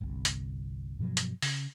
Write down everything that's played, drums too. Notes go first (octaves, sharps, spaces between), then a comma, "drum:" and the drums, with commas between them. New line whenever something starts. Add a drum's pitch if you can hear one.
G1 C2 C3
drum: hi-hat
G2 B2 F3 F#3
drum: hi-hat
C#3, drum: open hi-hat